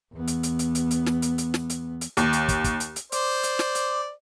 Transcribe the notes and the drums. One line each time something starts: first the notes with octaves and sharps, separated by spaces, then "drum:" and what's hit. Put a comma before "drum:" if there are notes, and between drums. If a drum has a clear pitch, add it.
E2 B3
drum: hi-hat
drum: hi-hat
drum: hi-hat
drum: hi-hat
drum: hi-hat
drum: snare
drum: hi-hat
drum: hi-hat
drum: snare
drum: hi-hat
drum: hi-hat
D#2, drum: hi-hat
drum: hi-hat
drum: kick, hi-hat
drum: kick, hi-hat
drum: hi-hat
drum: hi-hat
C5 D5, drum: hi-hat
drum: hi-hat
drum: snare
drum: hi-hat